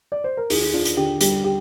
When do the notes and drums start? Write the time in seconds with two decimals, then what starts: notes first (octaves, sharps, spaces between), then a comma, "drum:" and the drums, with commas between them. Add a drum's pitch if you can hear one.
0.12 D5
0.24 C5
0.37 A#4
0.50 D#2 G#4, drum: open hi-hat
0.74 D4 F4
0.85 drum: hi-hat
0.97 D3 G4
1.21 G3 G4, drum: hi-hat
1.44 G4